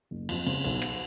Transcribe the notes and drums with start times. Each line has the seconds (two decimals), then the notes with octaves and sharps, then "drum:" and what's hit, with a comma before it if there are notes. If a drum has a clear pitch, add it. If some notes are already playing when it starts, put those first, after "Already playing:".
0.11 F#1
0.29 F2, drum: cymbal
0.46 C#3, drum: cymbal
0.64 B1, drum: cymbal
0.82 drum: rim click